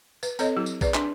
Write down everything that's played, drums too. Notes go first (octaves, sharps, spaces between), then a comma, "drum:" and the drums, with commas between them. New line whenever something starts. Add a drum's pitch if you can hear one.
B4, drum: tambourine
C4 A4 C#5 D#5, drum: tambourine
F#3 E4 G4
drum: tambourine
G#4 B4 D5, drum: kick A#1, tambourine
D4, drum: clap